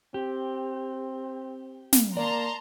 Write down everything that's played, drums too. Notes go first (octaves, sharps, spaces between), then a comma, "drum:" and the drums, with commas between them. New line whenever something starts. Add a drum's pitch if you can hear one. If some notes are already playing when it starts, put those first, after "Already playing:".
C4 G4
drum: snare
A#3 D5 A5 A#5 C6